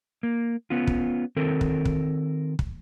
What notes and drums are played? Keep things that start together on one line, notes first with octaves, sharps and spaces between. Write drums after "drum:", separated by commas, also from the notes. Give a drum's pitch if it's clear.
A#3
B3 C#4 F4
drum: kick
D#3 C4 A4 A#4
drum: kick
drum: kick
drum: kick